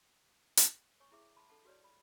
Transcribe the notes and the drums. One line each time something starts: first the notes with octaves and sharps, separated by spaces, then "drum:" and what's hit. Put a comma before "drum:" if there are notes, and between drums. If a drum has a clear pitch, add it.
drum: hi-hat
C#5 G#5 C#6
E4 G#4 E5 D6
A5 B5 C6
D4 A4 F#5 A5
F#4 B4 C#5 D5
B5